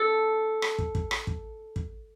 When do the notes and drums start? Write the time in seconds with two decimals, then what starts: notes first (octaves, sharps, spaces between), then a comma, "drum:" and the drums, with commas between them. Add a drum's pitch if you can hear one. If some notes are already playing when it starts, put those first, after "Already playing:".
Already playing: A4
0.62 drum: rim click
0.78 drum: kick
0.95 drum: kick
1.11 drum: rim click
1.27 drum: kick
1.76 drum: kick